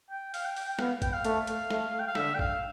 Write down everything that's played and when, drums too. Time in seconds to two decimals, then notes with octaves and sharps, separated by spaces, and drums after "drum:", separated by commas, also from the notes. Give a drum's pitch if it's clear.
0.10 G5
0.34 F5, drum: open hi-hat
0.45 G5
0.56 G5, drum: open hi-hat
0.68 G5
0.79 B3 F5, drum: snare
1.02 G5, drum: kick A1, hi-hat
1.13 F5
1.25 A3, drum: hi-hat
1.47 drum: hi-hat
1.70 A3, drum: snare
1.99 G5
2.07 F5
2.15 D3 E5, drum: snare
2.34 G5
2.39 F5, drum: kick A1